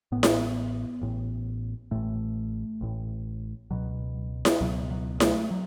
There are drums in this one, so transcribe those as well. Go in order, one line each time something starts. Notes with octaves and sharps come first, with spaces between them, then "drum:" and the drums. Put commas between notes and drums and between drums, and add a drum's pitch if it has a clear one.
A1 A2 B3
drum: snare E4
A1 A2
A1 A2 A3
A1 A2
C#2 B2 F#3
drum: snare E4
C#2 B2 F#3
F#3
A3, drum: snare E4
F#3